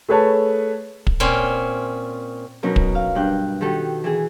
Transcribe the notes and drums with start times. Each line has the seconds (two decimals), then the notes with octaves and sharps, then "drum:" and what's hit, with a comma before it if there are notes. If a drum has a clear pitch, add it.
0.09 A3 G#4 B4 C#5 A5
1.07 drum: kick
1.20 A#2 C4 C#4
2.63 B2 F#3 C#4 D#4 A#4
2.76 drum: kick
2.95 F5
3.15 G2 D4 G5 F#6 G6
3.61 D#3 F#4 G4 A4
4.04 E3 G#4